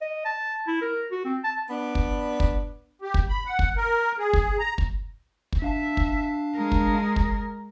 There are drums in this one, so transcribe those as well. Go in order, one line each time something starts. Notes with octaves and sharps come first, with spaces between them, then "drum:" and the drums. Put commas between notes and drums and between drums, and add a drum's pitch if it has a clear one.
D#5
A5
E4
A#4
F#4
C4
A5
B3 D4
drum: kick
drum: kick
G4
drum: kick
B5
F#5
drum: kick
A#4
G#4
drum: kick
A#5
drum: kick
drum: kick
D4 E5 F5 A5
drum: kick
G#3 A#4
drum: kick
drum: kick